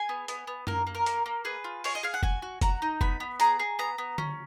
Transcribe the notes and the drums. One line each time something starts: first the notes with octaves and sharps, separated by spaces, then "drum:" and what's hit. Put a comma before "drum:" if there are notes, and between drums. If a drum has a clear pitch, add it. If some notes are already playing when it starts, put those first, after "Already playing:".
Already playing: G#4 G#5
B3
B3, drum: hi-hat
B3
A#3 A#4, drum: tom F#2
A#3
A#4
A#3, drum: hi-hat
A#3
G#4 B4
F4
G#4 C#5, drum: open hi-hat
D#5
G#4 F5
F#5
F#4 G#5, drum: kick F#1
F#4
F#4 A#5, drum: kick F#1, hi-hat
D#4
B3 B5, drum: kick F#1
B3
G#4 A#5, drum: hi-hat
G#4
B3 A#5
B3
C#4, drum: tom D3